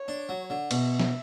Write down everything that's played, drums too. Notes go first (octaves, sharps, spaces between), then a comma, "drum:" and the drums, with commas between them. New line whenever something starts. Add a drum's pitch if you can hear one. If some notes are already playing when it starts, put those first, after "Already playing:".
Already playing: C#5
D4
F#3
D3
B2 E5, drum: cymbal
drum: snare